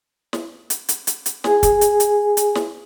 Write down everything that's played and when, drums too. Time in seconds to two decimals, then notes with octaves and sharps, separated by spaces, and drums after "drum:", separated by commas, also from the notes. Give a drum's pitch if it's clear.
0.33 drum: snare
0.70 drum: hi-hat
0.89 drum: hi-hat
1.07 drum: hi-hat
1.26 drum: hi-hat
1.44 G#4 G#5, drum: snare
1.63 drum: kick, hi-hat
1.81 drum: hi-hat
2.00 drum: hi-hat
2.37 drum: hi-hat
2.55 drum: snare